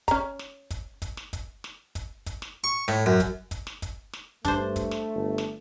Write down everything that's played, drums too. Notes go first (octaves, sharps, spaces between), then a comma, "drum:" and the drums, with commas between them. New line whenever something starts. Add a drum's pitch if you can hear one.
C#4 A#5, drum: kick, hi-hat
drum: snare
drum: kick, hi-hat
drum: kick, hi-hat
drum: snare
drum: kick, hi-hat
drum: snare
drum: kick, hi-hat
drum: kick, hi-hat
drum: snare
C#6
A2, drum: snare
F#2
drum: kick, hi-hat
drum: kick, hi-hat
drum: snare
drum: kick, hi-hat
drum: snare
G2 A3 D4 C5, drum: kick, hi-hat
drum: kick, hi-hat
drum: snare
G1
drum: snare